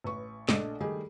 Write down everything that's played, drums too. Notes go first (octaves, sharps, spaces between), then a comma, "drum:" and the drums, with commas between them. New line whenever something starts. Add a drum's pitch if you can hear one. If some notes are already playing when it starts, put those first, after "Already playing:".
A1 B4 C#6
A#1 A3 D4 D#5, drum: snare
D#3 G3 A3 G4 G#4